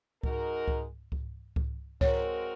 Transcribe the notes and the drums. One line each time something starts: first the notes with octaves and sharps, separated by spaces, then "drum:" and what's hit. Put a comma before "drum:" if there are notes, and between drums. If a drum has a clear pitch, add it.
G#3 D#4 F#4 A#4, drum: kick C#2
drum: kick C#2
drum: kick C#2
drum: kick C#2
G#3 C4 F#4 A#4 C#5, drum: kick C#2